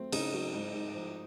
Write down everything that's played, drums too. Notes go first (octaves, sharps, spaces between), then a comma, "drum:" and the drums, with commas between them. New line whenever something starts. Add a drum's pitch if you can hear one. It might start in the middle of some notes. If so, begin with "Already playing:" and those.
Already playing: F#3 A3 C4
C#3 D#4, drum: cymbal
F#3
G#2
G#2
F3